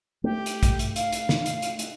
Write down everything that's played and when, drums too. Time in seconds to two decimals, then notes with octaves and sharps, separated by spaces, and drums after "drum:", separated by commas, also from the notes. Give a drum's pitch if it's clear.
0.24 A3 G4
0.46 drum: hi-hat
0.63 drum: kick A#1, hi-hat
0.79 drum: hi-hat
0.96 F5, drum: hi-hat
1.13 drum: hi-hat
1.29 drum: snare
1.46 drum: hi-hat
1.62 drum: hi-hat
1.79 drum: hi-hat